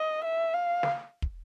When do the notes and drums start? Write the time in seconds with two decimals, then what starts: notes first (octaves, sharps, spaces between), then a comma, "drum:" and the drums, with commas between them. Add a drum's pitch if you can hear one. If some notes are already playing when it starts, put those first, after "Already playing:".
Already playing: D#5
0.24 E5
0.54 F5
0.83 drum: snare
1.22 drum: kick